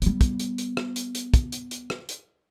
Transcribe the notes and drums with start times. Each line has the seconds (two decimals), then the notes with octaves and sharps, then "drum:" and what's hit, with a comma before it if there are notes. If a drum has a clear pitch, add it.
0.02 G3 B3, drum: hi-hat
0.21 drum: kick, hi-hat
0.40 drum: hi-hat
0.58 drum: hi-hat
0.77 drum: rim click
0.96 drum: hi-hat
1.15 drum: hi-hat
1.34 drum: kick, hi-hat
1.52 drum: hi-hat
1.71 drum: hi-hat
1.90 drum: rim click
2.09 drum: hi-hat